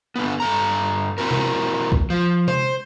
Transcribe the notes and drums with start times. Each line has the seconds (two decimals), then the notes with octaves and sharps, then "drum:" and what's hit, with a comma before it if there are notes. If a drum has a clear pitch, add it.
0.15 D3 B3
0.40 G2 A4 A#5
1.18 C4 E4 F#4 A#4
1.31 drum: tom C3
1.92 drum: kick
2.10 F3
2.48 C5, drum: tom C3